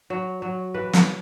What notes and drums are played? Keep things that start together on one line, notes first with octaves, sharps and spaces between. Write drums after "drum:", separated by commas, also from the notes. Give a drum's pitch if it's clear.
F#3
F#3
E3 B4
drum: snare